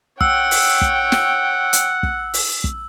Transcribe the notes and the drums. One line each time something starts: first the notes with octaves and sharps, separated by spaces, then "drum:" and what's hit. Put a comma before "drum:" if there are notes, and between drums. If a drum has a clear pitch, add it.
C#5 F#5 G5 E6, drum: kick
drum: open hi-hat
drum: kick
drum: snare
drum: hi-hat
drum: kick
drum: open hi-hat
drum: kick